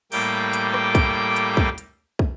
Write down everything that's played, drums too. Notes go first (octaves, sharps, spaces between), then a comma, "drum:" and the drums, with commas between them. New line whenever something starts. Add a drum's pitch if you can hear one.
A2 G3 A#3 G5 D6, drum: open hi-hat
drum: hi-hat
drum: rim click
drum: kick, hi-hat
drum: hi-hat
drum: kick
drum: hi-hat
drum: kick